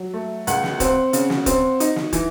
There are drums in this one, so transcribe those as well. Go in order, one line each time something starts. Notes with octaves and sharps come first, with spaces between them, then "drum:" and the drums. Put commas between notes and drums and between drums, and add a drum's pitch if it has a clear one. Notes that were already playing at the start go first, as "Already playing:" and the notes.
Already playing: F#3
A3
C#2 F#5, drum: hi-hat
drum: snare
C4, drum: kick, hi-hat
C#3, drum: hi-hat
drum: snare
C4, drum: kick, hi-hat
D#4, drum: hi-hat
drum: snare
E3, drum: kick, hi-hat